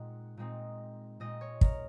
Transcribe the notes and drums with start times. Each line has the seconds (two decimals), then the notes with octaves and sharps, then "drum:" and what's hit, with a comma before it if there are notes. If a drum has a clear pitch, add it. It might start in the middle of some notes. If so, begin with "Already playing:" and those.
Already playing: A#2 G#3 C4 D#4 F#5
0.37 A#2 G#3 C4 D#4
1.20 A#2 G#3 C4 D#4 D#5
1.41 C#5
1.61 A#4, drum: kick